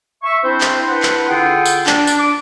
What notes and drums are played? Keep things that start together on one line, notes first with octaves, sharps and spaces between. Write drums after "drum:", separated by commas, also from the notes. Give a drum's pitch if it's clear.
E5 C#6
C4 D4 E4 C5
drum: clap
D4 E4 B4 C5 F#5 C6
drum: clap
D3 F4 G#4 F#5 G5
drum: tambourine
D4, drum: clap
drum: tambourine
D6